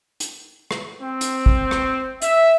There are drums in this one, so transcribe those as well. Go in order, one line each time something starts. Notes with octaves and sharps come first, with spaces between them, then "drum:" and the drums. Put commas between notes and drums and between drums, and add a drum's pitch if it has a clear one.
drum: hi-hat
drum: rim click
C4
drum: hi-hat
drum: kick
drum: rim click
E5, drum: hi-hat